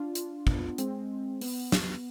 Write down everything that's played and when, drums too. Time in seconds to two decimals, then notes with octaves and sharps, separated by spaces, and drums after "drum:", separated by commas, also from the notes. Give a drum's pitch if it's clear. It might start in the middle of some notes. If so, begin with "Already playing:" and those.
Already playing: D4 F4
0.15 drum: hi-hat
0.47 B3, drum: kick
0.78 G#3 C4, drum: hi-hat
1.41 B3, drum: open hi-hat
1.72 drum: snare